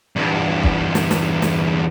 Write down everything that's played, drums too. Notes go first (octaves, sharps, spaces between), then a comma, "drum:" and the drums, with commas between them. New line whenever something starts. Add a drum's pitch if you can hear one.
E2 G2
drum: kick
drum: snare
drum: snare
drum: snare